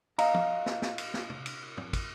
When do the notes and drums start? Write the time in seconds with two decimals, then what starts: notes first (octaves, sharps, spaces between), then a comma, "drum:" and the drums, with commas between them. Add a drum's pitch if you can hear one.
0.18 D#5 F5 A#5, drum: cymbal
0.34 drum: tom
0.66 drum: snare
0.82 drum: snare
0.98 drum: cymbal
1.14 drum: snare
1.30 drum: tom
1.46 drum: cymbal
1.77 drum: tom
1.93 drum: kick, cymbal